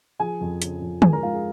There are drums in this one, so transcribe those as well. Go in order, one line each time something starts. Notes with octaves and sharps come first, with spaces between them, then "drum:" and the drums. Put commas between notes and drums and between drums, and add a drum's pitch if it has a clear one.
F3 G#4 G#5
F2
C#3, drum: hi-hat
F3
G#2 G#4 G#5, drum: tom
A#4 A#5
G#2 F4 F5
G#4